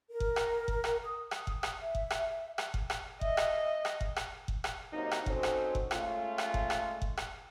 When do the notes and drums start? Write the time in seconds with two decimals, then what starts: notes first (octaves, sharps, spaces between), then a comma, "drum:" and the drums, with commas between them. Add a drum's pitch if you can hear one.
0.10 A#4
0.20 drum: kick F#1
0.36 drum: rim click
0.68 drum: kick F#1
0.84 drum: rim click
1.05 D#6
1.31 drum: rim click
1.47 drum: kick F#1
1.63 drum: rim click
1.82 E5
1.95 drum: kick F#1
2.10 drum: rim click
2.58 drum: rim click
2.74 drum: kick F#1
2.90 drum: rim click
3.21 D#5 E5, drum: kick F#1
3.37 drum: rim click
3.85 drum: rim click
4.01 drum: kick F#1
4.16 drum: rim click
4.48 drum: kick F#1
4.64 drum: rim click
4.92 C3 F#3 A#3 C4 D#4
5.11 drum: rim click
5.26 F#3 C4 C#4 D#4 A4 C5, drum: kick F#1
5.43 drum: rim click
5.75 drum: kick F#1
5.91 G#3 A3 C#4 F4, drum: rim click
6.38 drum: rim click
6.54 drum: kick F#1
6.70 drum: rim click
7.02 drum: kick F#1
7.17 drum: rim click